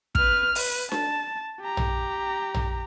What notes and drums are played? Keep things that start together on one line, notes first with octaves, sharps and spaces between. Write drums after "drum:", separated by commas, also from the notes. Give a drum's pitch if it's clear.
B4 F6, drum: kick
B4, drum: open hi-hat
A5, drum: snare D4
G4 A#5
drum: tom
drum: tom